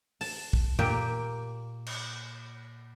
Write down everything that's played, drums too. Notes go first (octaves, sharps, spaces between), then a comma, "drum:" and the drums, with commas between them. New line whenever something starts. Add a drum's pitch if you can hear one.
A5, drum: open hi-hat
drum: kick
A#2 A#3 G4, drum: tom F#2
drum: cymbal